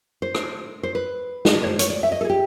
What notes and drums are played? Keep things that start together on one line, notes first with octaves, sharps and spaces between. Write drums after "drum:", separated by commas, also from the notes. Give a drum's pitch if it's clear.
C5
drum: rim click
C5
B4
drum: snare
C#5
C5
C#5, drum: hi-hat
D5
E5
D#5
A4
G#4
G4